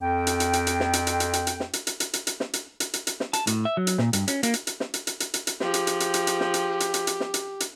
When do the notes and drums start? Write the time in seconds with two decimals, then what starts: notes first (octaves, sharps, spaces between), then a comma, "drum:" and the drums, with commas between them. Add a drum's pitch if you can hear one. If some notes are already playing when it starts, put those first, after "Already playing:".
0.01 F2 G5
0.27 drum: hi-hat
0.40 drum: hi-hat
0.53 drum: hi-hat
0.67 drum: hi-hat
0.80 drum: snare
0.93 drum: hi-hat
1.07 drum: hi-hat
1.20 drum: hi-hat
1.33 drum: hi-hat
1.47 drum: hi-hat
1.60 drum: snare
1.73 drum: hi-hat
1.87 drum: hi-hat
2.00 drum: hi-hat
2.13 drum: hi-hat
2.27 drum: hi-hat
2.40 drum: snare
2.53 drum: hi-hat
2.80 drum: hi-hat
2.94 drum: hi-hat
3.07 drum: hi-hat
3.20 drum: snare
3.33 A5, drum: hi-hat
3.47 A2, drum: hi-hat
3.65 E5
3.77 F#3
3.87 drum: hi-hat
3.98 A#2, drum: snare
4.13 G2, drum: hi-hat
4.28 C#4, drum: hi-hat
4.43 A#3, drum: hi-hat
4.54 drum: hi-hat
4.67 drum: hi-hat
4.80 drum: snare
4.94 drum: hi-hat
5.07 drum: hi-hat
5.20 drum: hi-hat
5.34 drum: hi-hat
5.47 drum: hi-hat
5.60 F3 G4 G#4, drum: snare
5.74 drum: hi-hat
5.87 drum: hi-hat
6.00 drum: hi-hat
6.14 drum: hi-hat
6.27 drum: hi-hat
6.40 drum: snare
6.54 drum: hi-hat
6.80 drum: hi-hat
6.94 drum: hi-hat
7.07 drum: hi-hat
7.20 drum: snare
7.34 drum: hi-hat
7.60 drum: hi-hat